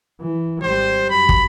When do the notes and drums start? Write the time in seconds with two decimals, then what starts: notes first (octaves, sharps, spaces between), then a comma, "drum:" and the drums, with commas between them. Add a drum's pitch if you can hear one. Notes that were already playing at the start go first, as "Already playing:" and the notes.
0.21 E3
0.63 G#1 G3 C5
1.10 F#2 B5
1.29 drum: kick